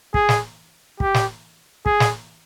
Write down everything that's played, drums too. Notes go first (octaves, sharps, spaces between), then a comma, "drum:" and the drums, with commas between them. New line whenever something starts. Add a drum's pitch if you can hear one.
G#4, drum: kick
drum: snare
G4, drum: kick
drum: snare
G#4, drum: kick
drum: snare